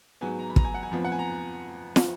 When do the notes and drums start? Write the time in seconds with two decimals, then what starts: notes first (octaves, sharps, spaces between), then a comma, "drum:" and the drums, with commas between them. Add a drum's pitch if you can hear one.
0.21 G#2 F#3 B3 G#5
0.39 A#5
0.50 B5
0.56 A#5, drum: kick
0.65 G#5
0.74 F#5
0.83 G#5
0.91 F2 F3 B3
1.05 F#5
1.12 G#5
1.19 A#5
1.96 drum: snare